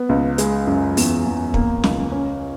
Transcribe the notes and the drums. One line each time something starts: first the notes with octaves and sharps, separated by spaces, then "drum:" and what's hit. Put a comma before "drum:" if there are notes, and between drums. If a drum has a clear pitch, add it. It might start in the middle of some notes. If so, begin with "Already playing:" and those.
Already playing: B3
C#2
G#3, drum: hi-hat
F#2
E2, drum: open hi-hat
E2
A#3, drum: kick
C#2, drum: snare
C#4